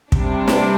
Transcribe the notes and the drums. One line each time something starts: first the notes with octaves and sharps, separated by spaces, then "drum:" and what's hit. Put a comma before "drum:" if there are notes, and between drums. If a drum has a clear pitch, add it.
C3 G3 D4, drum: kick
drum: snare